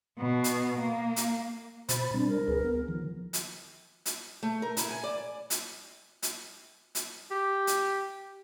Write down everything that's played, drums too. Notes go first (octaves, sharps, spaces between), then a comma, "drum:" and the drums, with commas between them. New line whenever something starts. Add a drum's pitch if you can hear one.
B2
drum: hi-hat
A#3
drum: hi-hat
B2 C5 B5 A6, drum: hi-hat
G3 C4 D4
A#4
D2 G#4 B4
B3
D#3 F3
drum: hi-hat
drum: hi-hat
A3
A#4
E4, drum: hi-hat
G#5
D5
drum: hi-hat
drum: hi-hat
drum: hi-hat
G4
drum: hi-hat